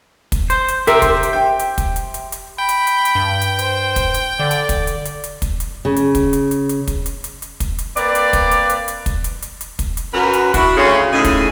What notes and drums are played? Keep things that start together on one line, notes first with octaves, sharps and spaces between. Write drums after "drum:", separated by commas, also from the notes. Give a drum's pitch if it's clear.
drum: kick, hi-hat
C5, drum: hi-hat
drum: hi-hat
G4 A#4 C5 E5, drum: hi-hat
C6, drum: kick, hi-hat
drum: hi-hat
G5
drum: hi-hat
drum: kick, hi-hat
drum: hi-hat
drum: hi-hat
drum: hi-hat
G5 B5
drum: hi-hat
drum: hi-hat
drum: hi-hat
G2
drum: hi-hat
C5, drum: hi-hat
drum: kick, hi-hat
drum: hi-hat
D3 D5
drum: hi-hat
drum: kick, hi-hat
drum: hi-hat
drum: hi-hat
drum: hi-hat
drum: kick, hi-hat
drum: hi-hat
C#3
drum: hi-hat
drum: kick, hi-hat
drum: hi-hat
drum: hi-hat
drum: hi-hat
drum: kick, hi-hat
drum: hi-hat
drum: hi-hat
drum: hi-hat
drum: kick, hi-hat
drum: hi-hat
A#3 C4 B4 D5, drum: hi-hat
drum: hi-hat
drum: kick, hi-hat
drum: hi-hat
drum: hi-hat
drum: hi-hat
drum: kick, hi-hat
drum: hi-hat
drum: hi-hat
drum: hi-hat
drum: kick, hi-hat
drum: hi-hat
F#2 F#3 F#4 A#4 B4
drum: hi-hat
D4 E4 F#4, drum: kick, hi-hat
D2 C#3
A2 C#3 D#4 G#4
drum: kick, hi-hat